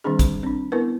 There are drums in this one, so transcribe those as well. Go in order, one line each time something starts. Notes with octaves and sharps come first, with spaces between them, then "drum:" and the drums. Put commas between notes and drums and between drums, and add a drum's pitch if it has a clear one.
D#3 G3 C4 D4 G#4
drum: kick, hi-hat
C4 D4
B3 E4 A#4 B4